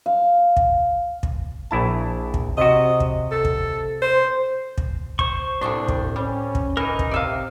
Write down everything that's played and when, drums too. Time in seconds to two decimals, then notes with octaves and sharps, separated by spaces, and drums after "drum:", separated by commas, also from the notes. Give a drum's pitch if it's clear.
0.06 F5
0.57 drum: kick
1.23 drum: kick
1.71 A#1 E4 A5
2.34 drum: kick
2.58 C3 F#4 D#5
3.00 drum: kick
3.31 A4
3.45 drum: kick
4.02 C5
4.78 drum: kick
5.19 C5 C#6, drum: kick
5.62 C2 A2 G3 D4 D6 D#6
5.88 drum: kick
6.16 G3 C#4
6.55 drum: kick
6.77 E3 D#4 A#4
6.99 drum: kick
7.11 C3 D5 E5 F5